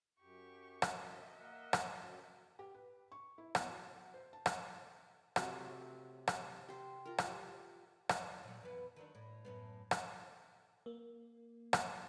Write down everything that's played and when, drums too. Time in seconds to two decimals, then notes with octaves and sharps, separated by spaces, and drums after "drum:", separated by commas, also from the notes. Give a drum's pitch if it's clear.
0.20 F#2 G4 C#6
0.82 drum: rim click
0.97 D#5 E5
1.40 A#3 A#4 F#5
1.73 drum: rim click
1.99 F#2 F#3
2.59 G4
2.74 B4
3.12 C#6
3.38 E4
3.55 E2, drum: rim click
3.69 F#3
3.96 F#5
4.14 C5
4.33 A5
4.46 drum: rim click
5.36 C3 F#3 A3, drum: rim click
6.28 drum: rim click
6.69 G4 C5
7.05 F4 A#4
7.18 drum: rim click
7.28 G4
8.09 E2 D#5, drum: rim click
8.44 A#2 F#3
8.61 F2 E3 B3
8.96 D#3 F#3 D4
9.15 A2
9.45 F#2 A2 B3
9.91 drum: rim click
10.86 A#3 A#4
11.73 drum: rim click